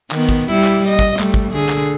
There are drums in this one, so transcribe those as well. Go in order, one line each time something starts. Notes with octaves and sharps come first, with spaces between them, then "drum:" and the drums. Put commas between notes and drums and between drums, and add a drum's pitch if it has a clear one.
D#3 B3, drum: clap
drum: kick
G3 E4
drum: clap
D#5
drum: kick
G3 A3, drum: clap
drum: kick
D3 G#4
drum: clap